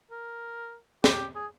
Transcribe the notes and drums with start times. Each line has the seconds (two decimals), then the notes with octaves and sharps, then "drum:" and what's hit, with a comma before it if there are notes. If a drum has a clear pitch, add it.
0.11 A#4
1.04 G4, drum: snare
1.36 G#4